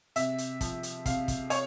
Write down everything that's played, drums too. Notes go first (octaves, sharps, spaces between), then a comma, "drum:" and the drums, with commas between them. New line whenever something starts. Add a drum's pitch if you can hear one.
C3 E5, drum: hi-hat
drum: hi-hat
F3, drum: kick, hi-hat
drum: hi-hat
C3 F5, drum: kick, hi-hat
drum: kick, hi-hat
C#5, drum: hi-hat